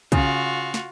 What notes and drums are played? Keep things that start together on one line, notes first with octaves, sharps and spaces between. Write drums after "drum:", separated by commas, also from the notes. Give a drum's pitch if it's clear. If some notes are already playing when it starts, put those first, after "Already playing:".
C#3 F4 F#4, drum: kick, hi-hat
drum: snare